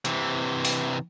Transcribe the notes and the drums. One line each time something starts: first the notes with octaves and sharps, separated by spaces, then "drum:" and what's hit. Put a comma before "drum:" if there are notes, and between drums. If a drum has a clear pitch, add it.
C3 E3, drum: hi-hat
drum: open hi-hat